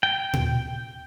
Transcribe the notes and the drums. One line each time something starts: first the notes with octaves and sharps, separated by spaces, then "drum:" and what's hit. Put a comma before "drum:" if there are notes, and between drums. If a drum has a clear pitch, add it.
G5
drum: tom A#2